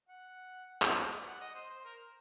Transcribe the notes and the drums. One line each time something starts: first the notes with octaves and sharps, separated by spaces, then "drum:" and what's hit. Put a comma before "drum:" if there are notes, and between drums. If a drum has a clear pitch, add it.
F#5
drum: clap
D#5
D5
F#5
D#5
C5
C5
A#4